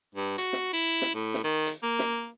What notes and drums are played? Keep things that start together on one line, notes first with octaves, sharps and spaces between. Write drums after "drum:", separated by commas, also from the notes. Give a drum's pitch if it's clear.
G2
F#4, drum: hi-hat
drum: snare
E4
drum: snare
A2
drum: snare
D#3
drum: hi-hat
A#3
drum: snare